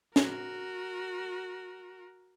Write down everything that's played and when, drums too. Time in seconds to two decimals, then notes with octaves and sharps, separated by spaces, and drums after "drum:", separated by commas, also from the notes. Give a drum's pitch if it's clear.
0.16 F#4 A#4, drum: snare